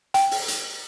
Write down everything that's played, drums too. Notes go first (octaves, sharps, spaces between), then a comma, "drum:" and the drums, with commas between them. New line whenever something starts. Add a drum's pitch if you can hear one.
G5, drum: hi-hat
drum: open hi-hat
drum: hi-hat